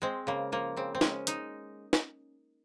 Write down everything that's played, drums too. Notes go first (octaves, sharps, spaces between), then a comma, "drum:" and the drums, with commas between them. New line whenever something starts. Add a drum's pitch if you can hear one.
G#3 C4
C#3 A#3
F3 A#3
C#3 C4
C4
G#3 C#4, drum: snare
G#3 D#4, drum: hi-hat
drum: snare